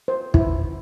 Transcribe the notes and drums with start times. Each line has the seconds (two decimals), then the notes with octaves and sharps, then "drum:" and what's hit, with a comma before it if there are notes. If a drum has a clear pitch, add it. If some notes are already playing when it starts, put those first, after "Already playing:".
0.08 C5
0.34 E4, drum: kick